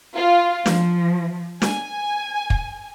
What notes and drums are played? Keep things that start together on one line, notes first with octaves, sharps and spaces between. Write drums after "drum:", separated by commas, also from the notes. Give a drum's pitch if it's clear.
F4
F3, drum: snare
G#5, drum: snare
drum: kick